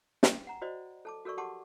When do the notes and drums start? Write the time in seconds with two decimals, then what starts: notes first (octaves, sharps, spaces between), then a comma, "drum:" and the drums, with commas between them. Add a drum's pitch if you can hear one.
0.23 G5, drum: snare
0.47 F#5 A#5
0.62 F#4 C5 D5 D#5
1.05 A4 A5 D6
1.25 F#4 A4 A#4 D5 C#6
1.38 G4 F#5 A5 C6 D6